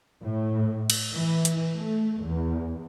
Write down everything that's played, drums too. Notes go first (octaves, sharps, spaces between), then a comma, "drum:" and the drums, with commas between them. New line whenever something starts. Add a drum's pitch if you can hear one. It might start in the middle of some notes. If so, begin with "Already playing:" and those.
A2
drum: cymbal
E3
drum: hi-hat
A3
E2